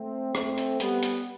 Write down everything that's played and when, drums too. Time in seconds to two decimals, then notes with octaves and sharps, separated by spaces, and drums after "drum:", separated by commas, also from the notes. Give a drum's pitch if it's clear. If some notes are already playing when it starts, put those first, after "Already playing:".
Already playing: A3 C4
0.35 A3 C4, drum: rim click
0.57 drum: hi-hat
0.80 G3 B3, drum: hi-hat
1.02 drum: hi-hat